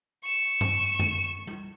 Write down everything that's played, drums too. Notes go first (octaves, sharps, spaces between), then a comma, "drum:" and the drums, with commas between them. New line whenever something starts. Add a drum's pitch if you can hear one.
C#6 E7
drum: tom G2
drum: tom F#2
drum: tom G3